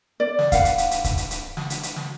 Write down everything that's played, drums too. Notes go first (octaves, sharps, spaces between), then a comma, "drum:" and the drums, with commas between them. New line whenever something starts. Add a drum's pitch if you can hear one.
D5
drum: snare
F5 F#5, drum: kick C#1, hi-hat
drum: hi-hat
drum: hi-hat
drum: hi-hat
drum: kick C#1, hi-hat
drum: hi-hat
drum: hi-hat
drum: snare
drum: hi-hat
drum: hi-hat
drum: snare